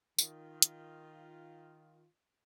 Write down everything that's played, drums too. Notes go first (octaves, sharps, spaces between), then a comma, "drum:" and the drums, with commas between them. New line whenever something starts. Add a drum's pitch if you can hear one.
D#3 F4, drum: tambourine
drum: hi-hat